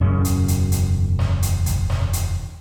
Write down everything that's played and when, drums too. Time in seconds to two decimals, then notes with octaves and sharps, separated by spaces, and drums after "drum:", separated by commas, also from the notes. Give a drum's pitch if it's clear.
0.01 E1 F#2 C#3 C#4
0.25 drum: hi-hat
0.48 drum: hi-hat
0.72 drum: hi-hat
1.19 drum: snare
1.42 drum: hi-hat
1.66 drum: kick, hi-hat
1.90 drum: snare
2.13 drum: hi-hat